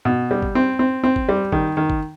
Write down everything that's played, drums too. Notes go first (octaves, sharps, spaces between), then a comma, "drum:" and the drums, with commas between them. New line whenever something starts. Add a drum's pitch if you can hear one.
B2
G3
drum: kick G1
C4
C4
C4
drum: kick G1
G3
D#3, drum: kick G1
D#3
drum: kick G1